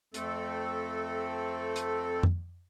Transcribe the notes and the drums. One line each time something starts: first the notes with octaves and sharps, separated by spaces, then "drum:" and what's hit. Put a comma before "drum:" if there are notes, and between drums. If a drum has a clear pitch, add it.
F2 A3 C4 A4, drum: hi-hat
drum: hi-hat
drum: tom F2